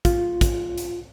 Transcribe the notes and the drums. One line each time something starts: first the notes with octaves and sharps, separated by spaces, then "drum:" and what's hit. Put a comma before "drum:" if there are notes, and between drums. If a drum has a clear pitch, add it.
F4, drum: kick, hi-hat
drum: kick, hi-hat
drum: hi-hat